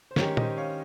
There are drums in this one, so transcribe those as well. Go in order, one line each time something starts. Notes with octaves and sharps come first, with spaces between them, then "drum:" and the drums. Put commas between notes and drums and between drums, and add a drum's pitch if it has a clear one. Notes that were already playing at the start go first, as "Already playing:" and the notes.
C5
D#3 G#3 C#4 G4 A#4 C#5, drum: snare
C5 D#5, drum: tom
C#5 F5